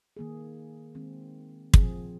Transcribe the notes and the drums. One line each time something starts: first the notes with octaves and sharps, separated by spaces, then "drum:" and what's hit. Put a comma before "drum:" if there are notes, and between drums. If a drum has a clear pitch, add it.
D#3 A#3 G#4
D#3 G#3 C4
A#2 F3 C4 G#4, drum: kick